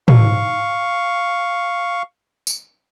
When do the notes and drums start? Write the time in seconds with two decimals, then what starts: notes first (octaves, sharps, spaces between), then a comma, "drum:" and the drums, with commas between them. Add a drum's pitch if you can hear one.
0.08 F5 C#6, drum: tom
2.47 drum: tambourine